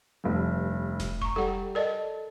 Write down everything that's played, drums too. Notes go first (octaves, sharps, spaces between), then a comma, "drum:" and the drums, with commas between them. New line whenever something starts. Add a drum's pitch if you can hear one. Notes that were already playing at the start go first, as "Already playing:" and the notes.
F1 G2
drum: snare E1
A#5 C#6, drum: kick F1
G3 A4 F#5
A4 A#4 D5 D#5